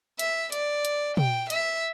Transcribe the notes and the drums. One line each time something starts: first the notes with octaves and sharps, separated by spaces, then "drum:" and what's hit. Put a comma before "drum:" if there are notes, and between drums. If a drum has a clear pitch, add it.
E5, drum: hi-hat
D5, drum: hi-hat
drum: hi-hat
G5, drum: tom
E5, drum: hi-hat